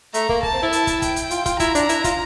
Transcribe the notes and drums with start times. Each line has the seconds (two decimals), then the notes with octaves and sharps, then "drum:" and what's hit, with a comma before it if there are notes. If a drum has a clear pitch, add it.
0.14 A3 A#5, drum: hi-hat
0.29 A#3, drum: kick
0.43 A5, drum: kick
0.54 C4
0.62 E4
0.72 A5, drum: hi-hat
0.87 drum: kick, hi-hat
1.02 G5, drum: kick, hi-hat
1.16 drum: hi-hat
1.31 F4, drum: hi-hat
1.46 F4, drum: kick, hi-hat
1.60 E4 A#5, drum: kick, hi-hat
1.75 D4, drum: hi-hat
1.89 E4, drum: hi-hat
2.04 F4, drum: kick, hi-hat